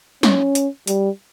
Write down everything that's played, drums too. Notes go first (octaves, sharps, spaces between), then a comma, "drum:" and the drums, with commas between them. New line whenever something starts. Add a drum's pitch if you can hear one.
C#4, drum: snare
drum: hi-hat
G3, drum: hi-hat